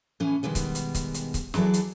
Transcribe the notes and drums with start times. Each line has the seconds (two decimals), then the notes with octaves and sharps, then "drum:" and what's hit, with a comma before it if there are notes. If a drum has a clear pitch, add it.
0.20 A2 E3 C#4 G#5
0.43 B2 D#3 G3 G#3 B3
0.55 drum: kick C#1, hi-hat
0.75 drum: hi-hat
0.95 drum: kick C#1, hi-hat
1.14 drum: hi-hat
1.34 drum: kick C#1, hi-hat
1.54 E3 F#3 G#4 A4 D5, drum: snare
1.74 drum: hi-hat